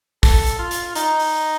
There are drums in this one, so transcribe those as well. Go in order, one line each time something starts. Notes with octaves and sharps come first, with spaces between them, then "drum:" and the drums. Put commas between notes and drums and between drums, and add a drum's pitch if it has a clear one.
A4, drum: kick, open hi-hat
drum: hi-hat
F4
drum: hi-hat
D#4, drum: hi-hat
drum: open hi-hat